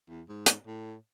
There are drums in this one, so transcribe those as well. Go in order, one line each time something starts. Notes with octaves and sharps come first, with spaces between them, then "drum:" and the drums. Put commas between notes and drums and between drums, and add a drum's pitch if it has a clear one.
E2
G#2
drum: hi-hat
A2